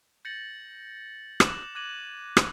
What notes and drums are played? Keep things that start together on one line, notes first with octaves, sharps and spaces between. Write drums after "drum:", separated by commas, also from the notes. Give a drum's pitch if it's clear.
G6 A6 A#6 C#7 F#7
D6 F#6 E7 F#7, drum: rim click
D6 F#6 G#6 A#6 D#7 F#7
drum: rim click